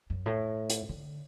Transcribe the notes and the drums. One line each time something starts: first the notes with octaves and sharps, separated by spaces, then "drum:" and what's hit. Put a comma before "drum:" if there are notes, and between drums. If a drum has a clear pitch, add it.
F#2
A2
drum: hi-hat
D3